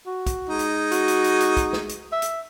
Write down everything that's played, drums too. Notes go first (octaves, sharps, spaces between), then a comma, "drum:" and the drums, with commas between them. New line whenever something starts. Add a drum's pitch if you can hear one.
F#4
drum: kick, hi-hat
G#3 D#4
drum: hi-hat
F#4, drum: hi-hat
drum: hi-hat
drum: hi-hat
drum: hi-hat
drum: kick, hi-hat
drum: snare
drum: hi-hat
E5
drum: hi-hat